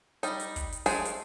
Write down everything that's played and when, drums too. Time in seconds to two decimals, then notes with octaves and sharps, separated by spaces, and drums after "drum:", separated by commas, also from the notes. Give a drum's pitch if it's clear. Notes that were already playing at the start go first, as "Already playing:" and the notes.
0.23 G3 D#4, drum: hi-hat
0.40 drum: hi-hat
0.56 drum: kick, hi-hat
0.72 drum: hi-hat
0.86 G#3 A3 G#4 C5, drum: open hi-hat
1.05 drum: hi-hat